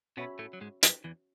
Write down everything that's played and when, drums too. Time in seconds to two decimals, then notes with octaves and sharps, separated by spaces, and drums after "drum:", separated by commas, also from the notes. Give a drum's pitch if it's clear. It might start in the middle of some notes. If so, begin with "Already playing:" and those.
0.17 B2 B3 C#4 F#4 C#5 E5 B5
0.39 A2 A3
0.53 F#3
0.61 G#2 G#3
0.83 F#2 F#3, drum: hi-hat
1.04 E2 E3